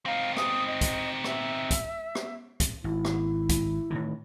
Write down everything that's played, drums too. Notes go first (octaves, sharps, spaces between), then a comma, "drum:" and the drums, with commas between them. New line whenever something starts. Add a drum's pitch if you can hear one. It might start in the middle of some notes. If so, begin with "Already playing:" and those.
C4 D#4 F5
D#6, drum: rim click
D#5
drum: kick, hi-hat
E5, drum: rim click
drum: kick, hi-hat
drum: rim click
drum: kick, hi-hat
G#1 E4
drum: rim click
drum: kick, hi-hat
A2 D#3 E3